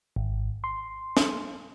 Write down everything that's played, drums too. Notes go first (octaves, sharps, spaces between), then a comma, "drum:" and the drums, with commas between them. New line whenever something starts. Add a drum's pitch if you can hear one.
G#1
C6
drum: snare